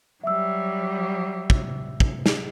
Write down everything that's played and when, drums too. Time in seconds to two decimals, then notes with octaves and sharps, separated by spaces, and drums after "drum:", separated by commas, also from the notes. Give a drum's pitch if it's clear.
0.24 F#3 G3 E5 E6
1.50 drum: kick
2.00 drum: kick
2.26 drum: snare